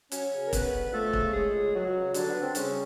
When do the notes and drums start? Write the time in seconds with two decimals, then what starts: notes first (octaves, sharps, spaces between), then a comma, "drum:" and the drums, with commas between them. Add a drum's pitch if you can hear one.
0.12 F#3 C#4 C#5, drum: hi-hat
0.32 C#3
0.47 A#4
0.53 C#3 B3 B4, drum: kick, hi-hat
0.73 D2
0.93 F3 A3 A4
1.13 C#3, drum: kick
1.33 C#2 G#3 G#4
1.54 C#2
1.74 C#2 F#3 F#4
1.94 C#3
2.14 D3 G3 D4, drum: hi-hat
2.29 B3
2.35 D3
2.42 C4
2.55 C#3 G3 C#4, drum: hi-hat